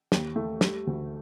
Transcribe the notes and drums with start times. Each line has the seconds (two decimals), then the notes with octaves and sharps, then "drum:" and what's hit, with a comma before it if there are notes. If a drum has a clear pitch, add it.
0.12 D#2, drum: snare
0.36 A3
0.61 G3, drum: snare
0.87 D2